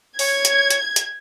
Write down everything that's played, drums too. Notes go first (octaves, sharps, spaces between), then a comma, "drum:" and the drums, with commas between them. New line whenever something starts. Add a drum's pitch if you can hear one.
C#5 G#6, drum: open hi-hat
drum: hi-hat
drum: hi-hat
drum: hi-hat